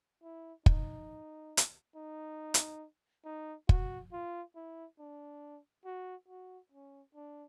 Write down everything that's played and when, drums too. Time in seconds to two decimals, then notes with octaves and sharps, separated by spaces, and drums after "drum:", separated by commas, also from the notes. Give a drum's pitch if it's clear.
0.23 E4
0.66 D#4, drum: kick
1.57 drum: hi-hat
1.96 D#4
2.54 drum: hi-hat
3.25 D#4
3.69 F#4, drum: kick
4.12 F4
4.56 E4
4.99 D4
5.85 F#4
6.28 F#4
6.72 C#4
7.15 D4